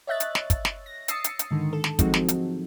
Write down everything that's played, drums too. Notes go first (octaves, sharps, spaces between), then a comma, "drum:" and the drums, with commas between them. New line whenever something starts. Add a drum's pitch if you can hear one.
C#5 D#5 E5 F#6 A6
drum: hi-hat
drum: snare
drum: kick, hi-hat
drum: snare
A#6
D#6 E6 A6 C7 C#7, drum: hi-hat
drum: hi-hat
drum: hi-hat
G#2 D3 D#3
A4
drum: snare
F3 F#3 G#3 C4 D#4 F#4, drum: kick, hi-hat
drum: snare
drum: hi-hat